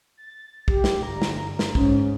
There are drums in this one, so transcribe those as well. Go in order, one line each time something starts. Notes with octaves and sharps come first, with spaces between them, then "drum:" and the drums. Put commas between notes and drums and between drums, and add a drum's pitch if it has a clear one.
A6
G4, drum: kick
drum: snare
G1 A#5
drum: snare
drum: snare
G#2 C#4, drum: kick